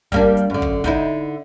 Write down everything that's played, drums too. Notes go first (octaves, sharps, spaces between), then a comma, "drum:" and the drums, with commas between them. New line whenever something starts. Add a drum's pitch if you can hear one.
G3 A#3 D4, drum: kick, hi-hat
drum: hi-hat
F#2 D3
drum: kick
D3 D#4 E4, drum: kick, hi-hat